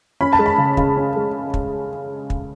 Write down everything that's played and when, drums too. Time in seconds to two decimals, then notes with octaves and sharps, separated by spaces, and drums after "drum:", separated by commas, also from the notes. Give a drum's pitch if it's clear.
0.21 C#4 B5
0.33 A5
0.39 G#3
0.46 B5
0.58 C#3
0.77 C#3, drum: kick
0.97 C#4
1.16 G#3
1.54 drum: kick
2.30 drum: kick